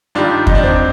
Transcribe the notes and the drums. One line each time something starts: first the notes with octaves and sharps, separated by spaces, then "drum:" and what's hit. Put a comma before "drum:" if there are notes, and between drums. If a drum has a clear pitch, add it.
G2 D#3 G3 D4 F4
D#4, drum: kick E2
D4
C4 D#4